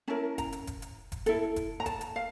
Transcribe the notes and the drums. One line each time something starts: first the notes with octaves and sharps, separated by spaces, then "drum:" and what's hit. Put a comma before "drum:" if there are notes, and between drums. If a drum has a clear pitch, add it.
C#4 E4 A#4 A5
A#5, drum: kick F1, hi-hat
drum: hi-hat
drum: kick F1, hi-hat
drum: hi-hat
drum: kick F1, hi-hat
E4 A4, drum: hi-hat
drum: kick F1, hi-hat
A#5
A5, drum: kick F1, hi-hat
drum: hi-hat
F5